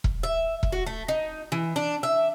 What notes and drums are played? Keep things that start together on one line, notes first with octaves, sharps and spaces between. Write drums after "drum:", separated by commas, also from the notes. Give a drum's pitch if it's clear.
drum: kick E1
E5
drum: kick E1
F#4
A3
D#4
E3
D4
E5